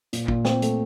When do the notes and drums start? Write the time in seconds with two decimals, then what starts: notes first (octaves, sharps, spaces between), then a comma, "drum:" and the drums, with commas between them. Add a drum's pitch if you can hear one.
0.13 A#2, drum: hi-hat
0.28 A#2, drum: kick
0.45 C4, drum: snare
0.62 A3, drum: hi-hat